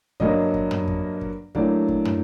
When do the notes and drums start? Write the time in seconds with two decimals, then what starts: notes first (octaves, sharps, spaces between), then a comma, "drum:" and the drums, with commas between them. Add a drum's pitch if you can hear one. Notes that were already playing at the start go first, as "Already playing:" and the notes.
0.20 G2 F#3 A#3 D4 D#5, drum: kick
0.54 drum: kick
0.71 drum: tom
0.88 drum: kick
1.21 drum: kick
1.55 A2 F#3 A#3 D4 D5, drum: kick
1.88 drum: kick
2.05 drum: tom